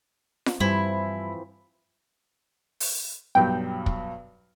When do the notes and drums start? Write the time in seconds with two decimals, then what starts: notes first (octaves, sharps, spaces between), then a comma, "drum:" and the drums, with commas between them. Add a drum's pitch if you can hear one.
0.46 drum: snare F4
0.60 G2 E3 F3 G3 C4 E4
2.80 drum: open hi-hat
3.35 B1 G2 F#3 G5
3.86 drum: kick